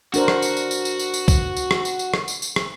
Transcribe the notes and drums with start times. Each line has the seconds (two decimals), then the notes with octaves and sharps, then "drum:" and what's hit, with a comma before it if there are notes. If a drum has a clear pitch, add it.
0.14 D4 F#4 A#4 C5, drum: tambourine
0.28 drum: rim click
0.42 drum: tambourine
0.57 drum: tambourine
0.71 drum: tambourine
0.85 drum: tambourine
0.99 drum: tambourine
1.14 drum: tambourine
1.28 drum: kick C2, tambourine
1.56 drum: tambourine
1.71 drum: rim click
1.85 drum: tambourine
1.99 drum: tambourine
2.14 drum: rim click
2.28 drum: tambourine
2.42 drum: tambourine
2.56 drum: rim click